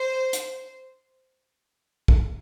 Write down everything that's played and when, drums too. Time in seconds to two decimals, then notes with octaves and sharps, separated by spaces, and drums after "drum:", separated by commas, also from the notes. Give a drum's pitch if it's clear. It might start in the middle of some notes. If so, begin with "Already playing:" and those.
Already playing: C5
0.33 drum: hi-hat
2.08 drum: kick